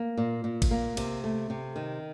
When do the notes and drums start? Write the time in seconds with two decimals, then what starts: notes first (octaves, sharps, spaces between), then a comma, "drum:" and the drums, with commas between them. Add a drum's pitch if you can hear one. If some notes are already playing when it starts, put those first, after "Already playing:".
Already playing: A#3
0.17 A#2
0.44 A#2
0.62 drum: kick G#1, cymbal
0.71 A#3
0.97 C3, drum: cymbal
1.24 A3
1.50 C3
1.76 D#3